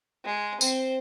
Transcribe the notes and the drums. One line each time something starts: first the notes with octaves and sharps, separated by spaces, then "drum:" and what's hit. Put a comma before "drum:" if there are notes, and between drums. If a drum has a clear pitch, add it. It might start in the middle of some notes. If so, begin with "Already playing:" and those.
G#3
C4 C5, drum: tambourine